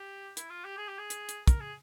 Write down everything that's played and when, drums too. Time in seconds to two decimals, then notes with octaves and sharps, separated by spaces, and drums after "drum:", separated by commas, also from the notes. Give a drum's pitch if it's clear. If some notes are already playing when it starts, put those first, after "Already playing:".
Already playing: G4
0.37 E4, drum: hi-hat
0.50 F4
0.65 G4
0.78 G#4
0.88 G4
0.98 G#4
1.10 drum: hi-hat
1.29 drum: hi-hat
1.48 A#4, drum: kick, hi-hat
1.60 G#4